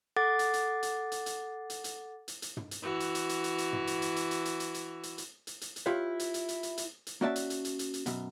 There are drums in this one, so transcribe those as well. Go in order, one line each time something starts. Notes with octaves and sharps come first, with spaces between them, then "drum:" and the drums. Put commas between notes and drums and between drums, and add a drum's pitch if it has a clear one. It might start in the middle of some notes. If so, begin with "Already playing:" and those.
A4 F#5 D6 A6
drum: hi-hat
drum: hi-hat
drum: hi-hat
drum: hi-hat
drum: hi-hat
drum: hi-hat
drum: hi-hat
drum: hi-hat
drum: hi-hat
drum: tom
drum: hi-hat
E3 F#4
drum: hi-hat
drum: hi-hat
drum: hi-hat
drum: hi-hat
drum: hi-hat
drum: tom
drum: hi-hat
drum: hi-hat
drum: hi-hat
drum: hi-hat
drum: hi-hat
drum: hi-hat
drum: hi-hat
drum: hi-hat
drum: hi-hat
drum: hi-hat
drum: hi-hat
drum: hi-hat
E4 F4 G4 B4 C#5
drum: hi-hat
drum: hi-hat
drum: hi-hat
drum: hi-hat
drum: hi-hat
drum: hi-hat
A#3 C#4 F#4 D5 E5 A5
drum: hi-hat
drum: hi-hat
drum: hi-hat
drum: hi-hat
drum: hi-hat
F#2 B2, drum: hi-hat